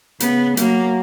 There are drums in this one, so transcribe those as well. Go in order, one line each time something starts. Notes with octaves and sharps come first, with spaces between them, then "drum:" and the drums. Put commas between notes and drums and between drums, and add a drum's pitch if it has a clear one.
C#3 B3, drum: hi-hat
F#3 A#3, drum: hi-hat